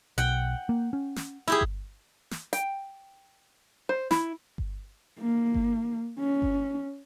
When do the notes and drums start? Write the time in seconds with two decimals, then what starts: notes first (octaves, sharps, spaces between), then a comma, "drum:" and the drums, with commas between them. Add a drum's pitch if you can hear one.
0.18 B1 F#5 G5
0.69 A#3
0.93 C#4
1.16 drum: snare
1.48 E4 G4 G#4
1.61 drum: kick G1
2.31 drum: snare
2.53 G5, drum: hi-hat
3.89 C5
4.11 E4, drum: snare
4.58 drum: kick G1
5.19 A#3
5.54 drum: kick G1
6.19 C#4
6.42 drum: kick G1